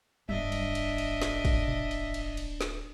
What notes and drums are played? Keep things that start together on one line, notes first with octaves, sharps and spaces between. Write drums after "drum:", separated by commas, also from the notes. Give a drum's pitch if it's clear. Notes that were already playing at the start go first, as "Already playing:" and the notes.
D1 G1 D4 D#5 E5, drum: tom F#3
drum: cymbal
drum: cymbal
drum: cymbal
drum: snare
drum: kick, cymbal
drum: tom A#2
drum: cymbal
drum: cymbal
drum: cymbal
drum: snare